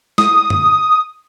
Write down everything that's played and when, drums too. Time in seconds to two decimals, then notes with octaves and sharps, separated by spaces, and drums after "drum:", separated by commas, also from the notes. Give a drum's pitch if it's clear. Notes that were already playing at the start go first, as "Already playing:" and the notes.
0.18 D#6, drum: snare
0.50 drum: tom